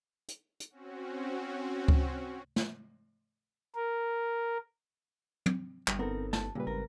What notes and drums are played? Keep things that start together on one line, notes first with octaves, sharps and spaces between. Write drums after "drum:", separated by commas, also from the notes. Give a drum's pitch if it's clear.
drum: hi-hat
drum: hi-hat
C4 C#4 F#4
drum: kick C#2
drum: snare
A#4
drum: tom
G1 G2, drum: clap
B3 C4 D#4 A4 A#4
A5, drum: snare
A#2 C#3 G3 B4
G#1 A#4